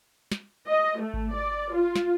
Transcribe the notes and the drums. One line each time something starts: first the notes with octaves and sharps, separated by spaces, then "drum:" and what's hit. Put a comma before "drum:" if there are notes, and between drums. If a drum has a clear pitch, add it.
drum: snare
D#5
A3
drum: kick G#1
D5
F4
drum: snare